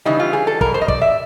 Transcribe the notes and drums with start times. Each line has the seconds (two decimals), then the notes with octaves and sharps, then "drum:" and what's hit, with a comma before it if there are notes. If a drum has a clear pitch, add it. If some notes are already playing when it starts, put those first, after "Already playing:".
0.05 C#3 E3 G3 D#4
0.20 F4
0.33 G#4
0.47 A4
0.61 B2 G3 A#4, drum: kick
0.74 C5
0.81 D#5
0.88 D5, drum: kick
1.01 E5